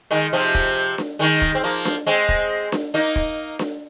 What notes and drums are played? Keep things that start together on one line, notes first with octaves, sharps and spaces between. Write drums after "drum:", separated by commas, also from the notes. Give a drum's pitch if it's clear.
D#3 G#3
C3 F3
drum: kick
drum: snare D4
D#3 G#3
drum: kick
C4
F3 A#3
drum: snare D4
G#3 C4
drum: kick
drum: snare D4
A#3 D#4
drum: kick
drum: snare D4